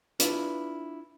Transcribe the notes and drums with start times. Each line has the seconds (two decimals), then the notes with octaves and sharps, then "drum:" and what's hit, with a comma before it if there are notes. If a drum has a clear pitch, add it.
0.20 D4 E4 F4 B4, drum: hi-hat